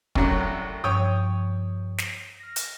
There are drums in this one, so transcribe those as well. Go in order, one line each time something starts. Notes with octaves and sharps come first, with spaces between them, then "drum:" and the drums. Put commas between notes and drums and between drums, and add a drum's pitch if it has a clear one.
C2 A2 F#3, drum: kick
G2 F3 C#5 G5 D#6
drum: snare
F6 A#6
drum: hi-hat